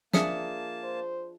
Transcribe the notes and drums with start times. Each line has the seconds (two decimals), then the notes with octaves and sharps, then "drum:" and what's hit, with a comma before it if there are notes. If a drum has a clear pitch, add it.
0.14 F3 A#3 D4 G#4 E5 A5 D#6 C#7, drum: snare
0.83 C5